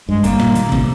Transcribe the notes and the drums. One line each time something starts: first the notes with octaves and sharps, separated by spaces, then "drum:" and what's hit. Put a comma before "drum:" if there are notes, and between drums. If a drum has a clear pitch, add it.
G2 G#3
G3 A#3, drum: kick, hi-hat
A#2, drum: rim click
D#3, drum: hi-hat
C3, drum: kick